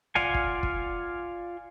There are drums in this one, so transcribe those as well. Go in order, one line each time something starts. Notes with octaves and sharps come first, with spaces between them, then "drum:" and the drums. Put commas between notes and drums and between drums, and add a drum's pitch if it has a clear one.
F4 D5 F5 F#5 G#5, drum: tom A#1
drum: kick
drum: kick